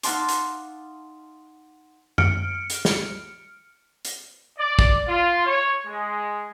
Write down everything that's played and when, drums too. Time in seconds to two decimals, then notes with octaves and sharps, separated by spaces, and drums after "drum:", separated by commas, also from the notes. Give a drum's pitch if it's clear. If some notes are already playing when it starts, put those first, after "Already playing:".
0.03 D#4 F5 F#5 A5 C6 D6, drum: hi-hat
0.29 drum: hi-hat
2.18 F6 C#7 D7, drum: tom F#2
2.70 drum: hi-hat
2.85 drum: snare
4.05 drum: hi-hat
4.58 D5
4.79 drum: kick
5.08 F4
5.46 C#5
5.87 G#3